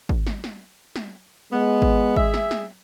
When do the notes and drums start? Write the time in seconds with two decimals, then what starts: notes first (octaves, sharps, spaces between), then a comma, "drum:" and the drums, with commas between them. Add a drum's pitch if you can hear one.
0.09 drum: kick G#1
0.27 drum: snare
0.44 drum: snare
0.96 drum: snare
1.52 G#3 B3
1.82 drum: kick G#1
2.16 G#4 E5, drum: kick G#1
2.34 drum: snare
2.51 drum: snare